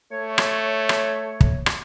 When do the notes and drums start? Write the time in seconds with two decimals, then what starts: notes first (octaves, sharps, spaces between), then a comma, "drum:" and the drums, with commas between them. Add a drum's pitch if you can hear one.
0.12 A3 C#5
0.38 drum: rim click
0.89 drum: rim click
1.41 drum: kick
1.66 drum: rim click